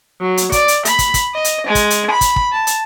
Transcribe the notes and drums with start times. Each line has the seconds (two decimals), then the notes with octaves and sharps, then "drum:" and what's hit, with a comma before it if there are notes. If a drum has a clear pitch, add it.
0.20 F#3
0.37 drum: hi-hat
0.52 D5, drum: kick, hi-hat
0.68 drum: hi-hat
0.85 B5, drum: hi-hat
0.99 drum: kick, hi-hat
1.14 drum: kick, hi-hat
1.34 D#5
1.44 drum: hi-hat
1.65 G#3
1.75 drum: kick, hi-hat
1.90 drum: hi-hat
2.10 B5
2.21 drum: kick, hi-hat
2.36 drum: kick
2.52 A5
2.67 drum: hi-hat